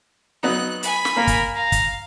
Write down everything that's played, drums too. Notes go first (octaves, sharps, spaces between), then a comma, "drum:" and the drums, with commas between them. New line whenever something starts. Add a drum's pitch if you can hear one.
F#3 B3 D#4 F#6
G#5 B5, drum: hi-hat
drum: snare
A#3 A#4
drum: kick, hi-hat
F5 A#5
drum: kick, hi-hat